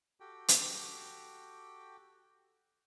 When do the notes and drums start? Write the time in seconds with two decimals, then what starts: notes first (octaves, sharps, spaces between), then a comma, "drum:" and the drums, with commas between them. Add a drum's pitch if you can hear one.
0.20 F#4 G4 A4 G5
0.48 drum: hi-hat